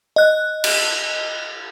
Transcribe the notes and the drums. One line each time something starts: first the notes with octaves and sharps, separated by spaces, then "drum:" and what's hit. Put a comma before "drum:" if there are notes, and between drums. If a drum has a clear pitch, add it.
D#5 F#6
drum: cymbal